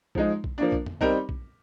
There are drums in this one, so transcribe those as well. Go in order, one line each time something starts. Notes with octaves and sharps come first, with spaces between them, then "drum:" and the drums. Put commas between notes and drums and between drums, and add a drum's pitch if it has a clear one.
F3 G#3 D#4, drum: kick
drum: kick
F3 A#3 D4
drum: kick
drum: tom F2
G3 C4 D#4 A#4, drum: kick
drum: kick